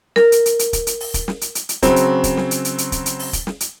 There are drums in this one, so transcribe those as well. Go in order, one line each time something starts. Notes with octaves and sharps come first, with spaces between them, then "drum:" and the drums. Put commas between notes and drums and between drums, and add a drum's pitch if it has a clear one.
A#4, drum: snare
drum: hi-hat
drum: hi-hat
drum: hi-hat
drum: kick, hi-hat
drum: hi-hat
drum: open hi-hat
drum: kick, hi-hat
drum: snare
drum: hi-hat
drum: hi-hat
drum: hi-hat
C#3 F#3 C4, drum: kick, hi-hat
drum: hi-hat
drum: kick, hi-hat
drum: snare
drum: hi-hat
drum: hi-hat
drum: hi-hat
drum: kick, hi-hat
drum: hi-hat
drum: open hi-hat
drum: kick, hi-hat
drum: snare
drum: hi-hat